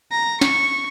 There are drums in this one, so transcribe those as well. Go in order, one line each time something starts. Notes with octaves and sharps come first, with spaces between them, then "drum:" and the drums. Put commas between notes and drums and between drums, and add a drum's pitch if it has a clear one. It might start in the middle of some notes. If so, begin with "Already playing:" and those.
A#5
C#6, drum: snare